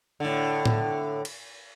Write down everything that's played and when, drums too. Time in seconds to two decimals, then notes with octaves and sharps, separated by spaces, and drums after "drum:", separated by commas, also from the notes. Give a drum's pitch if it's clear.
0.20 A2 D3
0.65 drum: tom A2
1.25 drum: cymbal